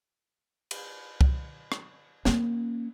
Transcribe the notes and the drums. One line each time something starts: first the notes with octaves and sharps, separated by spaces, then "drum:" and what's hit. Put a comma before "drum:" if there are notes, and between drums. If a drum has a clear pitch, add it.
drum: cymbal
drum: kick C2
drum: rim click
A#3 C#4, drum: snare